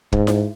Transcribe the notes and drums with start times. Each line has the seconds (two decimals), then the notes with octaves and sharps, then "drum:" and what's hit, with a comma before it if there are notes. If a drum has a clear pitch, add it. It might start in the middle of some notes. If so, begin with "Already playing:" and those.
0.12 G#2, drum: kick
0.27 drum: snare E4